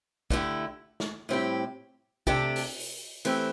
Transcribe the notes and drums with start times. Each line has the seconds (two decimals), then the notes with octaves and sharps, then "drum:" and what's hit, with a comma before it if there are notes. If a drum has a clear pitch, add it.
0.30 D3 A3 E4 G4, drum: kick
1.00 drum: snare
1.29 A2 G3 C4 E4 G4
2.27 C3 A3 D4 G4, drum: kick
2.56 drum: open hi-hat
2.76 drum: open hi-hat
3.25 E3 A3 C4 G4, drum: cymbal